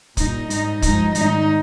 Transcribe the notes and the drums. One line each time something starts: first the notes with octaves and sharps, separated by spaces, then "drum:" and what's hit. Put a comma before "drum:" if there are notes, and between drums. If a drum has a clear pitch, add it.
A#2 G3 D#4, drum: kick, hi-hat
G#2 G3 D#4, drum: hi-hat
G2 F3 G#3 D#4, drum: kick, hi-hat
G#2 D#3 G3 D#4, drum: hi-hat